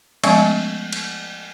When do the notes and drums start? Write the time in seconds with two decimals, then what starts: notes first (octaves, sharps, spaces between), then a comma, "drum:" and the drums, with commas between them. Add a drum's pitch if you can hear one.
0.24 F3 G#3 A3 B3 C#4 D#5, drum: cymbal
0.93 drum: cymbal